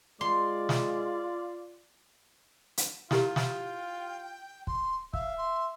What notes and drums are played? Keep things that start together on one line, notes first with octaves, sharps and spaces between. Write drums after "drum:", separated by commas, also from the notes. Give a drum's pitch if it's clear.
G#3 F4 D5 C6
drum: snare
drum: hi-hat
E4 F4 G4 A#4 G5, drum: snare
drum: snare
C6, drum: kick
E5 F5, drum: kick
C6